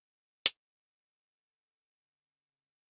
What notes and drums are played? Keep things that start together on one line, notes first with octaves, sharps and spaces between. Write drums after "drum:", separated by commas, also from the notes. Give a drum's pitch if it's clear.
C#5
D5, drum: hi-hat
A4
C#3